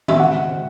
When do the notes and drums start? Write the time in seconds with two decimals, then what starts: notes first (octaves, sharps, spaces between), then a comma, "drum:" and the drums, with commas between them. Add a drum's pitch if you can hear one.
0.08 E5, drum: tom D#3
0.19 C#3 G#3 C4 F#4 F#5